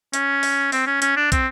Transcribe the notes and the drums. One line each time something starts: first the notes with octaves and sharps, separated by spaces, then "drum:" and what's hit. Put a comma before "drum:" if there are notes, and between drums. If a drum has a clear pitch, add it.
C#4, drum: hi-hat
drum: open hi-hat
C4, drum: open hi-hat
C#4
C#4, drum: hi-hat
D4
C4, drum: kick, hi-hat